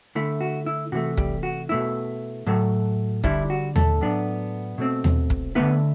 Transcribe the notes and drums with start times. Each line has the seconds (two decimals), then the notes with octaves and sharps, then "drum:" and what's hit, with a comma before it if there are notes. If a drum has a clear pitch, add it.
0.15 D3 A3 E4
0.41 F#4
0.66 E4
0.92 C3 E3 A3 F#4
1.17 G3 G4, drum: kick
1.43 F#4
1.69 B2 A3 E4
2.47 A2 F#3 A3
3.24 D3 G3 D4 E4, drum: kick
3.50 F#4
3.76 A3 A4, drum: tom D#2
4.01 A2 F#3 B3 D4
4.78 B2 A3 C4
5.04 drum: tom D#2
5.30 drum: kick
5.55 D3 A3 B3 E4 B4